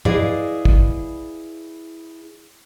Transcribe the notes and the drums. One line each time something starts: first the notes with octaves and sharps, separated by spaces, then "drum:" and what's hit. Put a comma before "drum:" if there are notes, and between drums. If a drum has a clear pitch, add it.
E4 G#4 B4 D5 D#5 F5, drum: tom G2
drum: kick